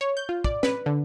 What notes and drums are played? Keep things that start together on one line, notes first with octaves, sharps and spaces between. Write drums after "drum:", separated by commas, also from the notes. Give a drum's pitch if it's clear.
C#5
G6
F4
D5, drum: kick
B4, drum: snare
D3